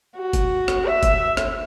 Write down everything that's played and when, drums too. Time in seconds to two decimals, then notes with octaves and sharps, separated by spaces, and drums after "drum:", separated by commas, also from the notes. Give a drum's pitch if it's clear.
0.16 F#4
0.33 drum: kick F#1, hi-hat
0.68 drum: rim click
0.86 E5
1.03 drum: kick F#1, hi-hat
1.37 drum: rim click